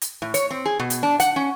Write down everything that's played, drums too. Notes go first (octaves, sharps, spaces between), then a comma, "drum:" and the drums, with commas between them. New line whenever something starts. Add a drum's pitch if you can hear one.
drum: hi-hat
A2
C#5, drum: hi-hat
C4
G#4
B2
drum: hi-hat
D4
F#5, drum: hi-hat
C#4